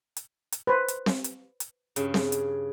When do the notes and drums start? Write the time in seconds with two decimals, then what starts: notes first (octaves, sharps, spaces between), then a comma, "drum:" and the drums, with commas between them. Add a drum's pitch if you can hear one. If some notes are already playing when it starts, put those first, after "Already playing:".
0.17 drum: hi-hat
0.52 drum: hi-hat
0.67 B4 C5
0.88 drum: hi-hat
1.06 drum: snare C4
1.24 drum: hi-hat
1.60 drum: hi-hat
1.96 G2 C#3, drum: hi-hat
2.14 drum: snare C4
2.32 drum: hi-hat